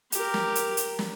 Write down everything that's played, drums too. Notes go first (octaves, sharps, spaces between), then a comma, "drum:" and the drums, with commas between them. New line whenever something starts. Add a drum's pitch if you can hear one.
G4 A#4, drum: hi-hat
drum: snare
drum: hi-hat
drum: hi-hat
drum: snare